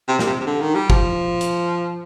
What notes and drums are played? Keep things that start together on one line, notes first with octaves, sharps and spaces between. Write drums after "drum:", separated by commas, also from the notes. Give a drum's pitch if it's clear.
C3
A#2, drum: snare
C3
C3
D3
D#3
G3
F3, drum: kick
drum: hi-hat